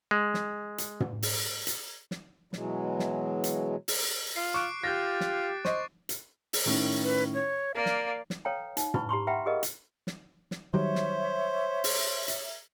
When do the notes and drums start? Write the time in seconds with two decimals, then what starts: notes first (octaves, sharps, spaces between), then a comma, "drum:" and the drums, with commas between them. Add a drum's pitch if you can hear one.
0.11 G#3
0.34 drum: snare
0.78 drum: hi-hat
1.00 drum: tom
1.23 drum: open hi-hat
1.67 drum: hi-hat
2.11 drum: snare
2.53 B2 E3 F#3 G#3, drum: snare
2.99 drum: snare
3.44 drum: hi-hat
3.88 drum: open hi-hat
4.36 F4 C7
4.54 C#6 D6 F#6 D7
4.84 F4 G4 G6 A6 A#6
5.20 drum: snare
5.65 C5 D#5 C#6, drum: snare
6.09 drum: hi-hat
6.53 drum: open hi-hat
6.66 A2 D#3 C#4
7.03 B4
7.34 C#5
7.75 A#3 A#4 D5 F5 F6
7.86 drum: snare
8.30 drum: snare
8.45 A4 B4 C#5 F5 G5 A#5
8.77 D#4, drum: hi-hat
8.94 E4 B4 B5 C#6, drum: tom
9.09 G4 A#5 C6 C#6
9.27 B4 E5 F#5 G5 A#5 B5
9.46 G4 G#4 A#4 B4 D#5 F5
9.63 drum: hi-hat
10.07 drum: snare
10.51 drum: snare
10.74 D#3 F#3 G3 C5 C#5 E5
10.95 drum: snare
11.84 drum: open hi-hat
12.28 drum: hi-hat